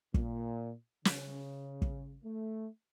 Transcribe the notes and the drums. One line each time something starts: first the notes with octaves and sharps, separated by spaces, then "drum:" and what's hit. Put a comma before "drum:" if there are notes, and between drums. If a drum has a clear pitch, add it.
A#2, drum: kick
C#3, drum: snare
drum: kick
A3